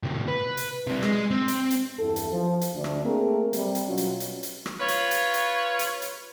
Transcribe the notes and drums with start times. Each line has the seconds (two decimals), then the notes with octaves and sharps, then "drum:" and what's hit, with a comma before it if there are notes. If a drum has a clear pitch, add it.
0.03 A2 C3
0.28 B4
0.57 drum: hi-hat
0.87 C3 G3
1.03 G#3, drum: rim click
1.31 C4
1.48 drum: hi-hat
1.71 drum: hi-hat
1.99 E2 G2 E4 A4
2.16 drum: hi-hat
2.32 F3
2.61 drum: hi-hat
2.75 D2 D4
2.84 drum: rim click
3.03 A3 A#3 C4 G#4 A#4
3.53 C3 G3, drum: hi-hat
3.75 drum: hi-hat
3.88 B2 F#3 C#4 F4 C#5
3.98 drum: hi-hat
4.20 drum: hi-hat
4.43 drum: hi-hat
4.66 drum: rim click
4.79 F4 B4 C#5
4.88 drum: hi-hat
5.11 drum: hi-hat
5.34 drum: hi-hat
5.79 drum: hi-hat
6.02 drum: hi-hat